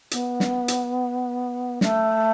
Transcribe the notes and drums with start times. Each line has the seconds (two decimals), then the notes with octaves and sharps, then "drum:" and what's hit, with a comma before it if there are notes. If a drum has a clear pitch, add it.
0.11 B3, drum: hi-hat
0.40 drum: snare
0.68 drum: hi-hat
1.81 A3, drum: snare